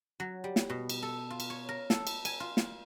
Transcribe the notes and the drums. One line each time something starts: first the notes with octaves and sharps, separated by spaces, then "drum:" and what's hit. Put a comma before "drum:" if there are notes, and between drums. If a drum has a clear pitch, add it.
F#3
G3
drum: snare
B2
drum: cymbal
A4
F4
drum: cymbal
C#5
A#4
A4, drum: snare
drum: cymbal
G#5, drum: cymbal
F4
drum: snare